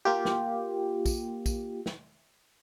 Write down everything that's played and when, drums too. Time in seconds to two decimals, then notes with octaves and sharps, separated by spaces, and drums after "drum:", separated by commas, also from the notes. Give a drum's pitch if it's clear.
0.05 A#3 F4 G4
0.25 drum: snare
1.06 drum: kick, tambourine
1.46 drum: kick, tambourine
1.86 drum: snare